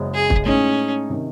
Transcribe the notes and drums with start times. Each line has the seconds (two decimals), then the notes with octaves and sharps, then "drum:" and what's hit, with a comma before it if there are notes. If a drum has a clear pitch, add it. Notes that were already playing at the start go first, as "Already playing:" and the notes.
Already playing: F#1 F#2 C#3 G#3
0.14 G#4
0.30 drum: kick
0.46 A2 G#3 C#4 D#4 G#4
1.10 C3 D#3